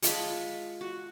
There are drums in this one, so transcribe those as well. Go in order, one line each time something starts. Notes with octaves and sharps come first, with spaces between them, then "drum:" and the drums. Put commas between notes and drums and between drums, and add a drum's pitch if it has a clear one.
G#3 F4 A5 B5, drum: hi-hat
F#4